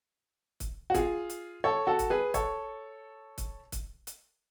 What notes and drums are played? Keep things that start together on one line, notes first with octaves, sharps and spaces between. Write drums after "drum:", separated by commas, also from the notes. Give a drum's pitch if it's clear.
drum: kick, hi-hat
F#4
F4 G#4, drum: kick, hi-hat
drum: hi-hat
A4 C#5
F#4 A4
drum: kick, hi-hat
G#4 B4
A4 C#5, drum: kick, hi-hat
drum: kick, hi-hat
drum: kick, hi-hat
drum: hi-hat